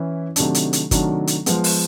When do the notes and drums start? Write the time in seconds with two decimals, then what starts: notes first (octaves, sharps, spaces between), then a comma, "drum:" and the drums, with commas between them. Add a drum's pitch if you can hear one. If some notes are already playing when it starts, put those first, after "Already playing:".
Already playing: E3 C#4 E4
0.36 C3 D#3 F#3 A3 D4, drum: hi-hat
0.54 drum: hi-hat
0.73 drum: hi-hat
0.91 C3 D#3 F#3 A3 D4, drum: kick G1, hi-hat
1.27 drum: hi-hat
1.46 F3 G#3 B3, drum: hi-hat
1.64 drum: open hi-hat